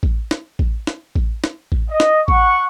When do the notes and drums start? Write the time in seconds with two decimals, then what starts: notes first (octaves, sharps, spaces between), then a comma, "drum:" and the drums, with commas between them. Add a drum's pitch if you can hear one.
0.03 drum: kick A1
0.31 drum: snare
0.59 drum: kick A1
0.87 drum: snare
1.15 drum: kick A1
1.44 drum: snare
1.72 drum: kick A1
1.91 D#5
2.00 drum: snare
2.28 F#5 C#6, drum: kick A1